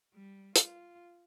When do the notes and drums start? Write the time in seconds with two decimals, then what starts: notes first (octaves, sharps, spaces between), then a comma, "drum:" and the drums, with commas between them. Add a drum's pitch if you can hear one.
0.15 G3
0.56 F4, drum: hi-hat